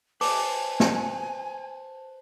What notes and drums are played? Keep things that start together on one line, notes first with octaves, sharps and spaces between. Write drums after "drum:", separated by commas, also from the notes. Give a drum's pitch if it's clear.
B4 C5 G#5 A5 D6, drum: open hi-hat
drum: snare